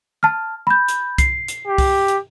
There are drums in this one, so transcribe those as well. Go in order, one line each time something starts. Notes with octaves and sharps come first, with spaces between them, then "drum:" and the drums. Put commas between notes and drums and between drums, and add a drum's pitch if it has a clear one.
A5 F6
B5 G6
drum: hi-hat
C7, drum: kick C2, hi-hat
drum: hi-hat
G4
drum: kick C2, open hi-hat
drum: hi-hat